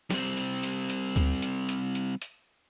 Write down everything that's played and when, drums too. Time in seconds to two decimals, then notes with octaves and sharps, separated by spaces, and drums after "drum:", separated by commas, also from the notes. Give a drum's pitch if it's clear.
0.10 G3 C4, drum: snare
0.37 drum: hi-hat
0.63 drum: hi-hat
0.90 drum: hi-hat
1.16 drum: kick D2, hi-hat
1.42 drum: hi-hat
1.69 drum: hi-hat
1.95 drum: hi-hat
2.22 drum: hi-hat